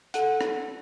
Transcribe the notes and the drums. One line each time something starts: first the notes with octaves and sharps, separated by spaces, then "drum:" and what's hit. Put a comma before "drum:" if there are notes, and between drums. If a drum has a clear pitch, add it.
A4 F#5, drum: hi-hat
drum: rim click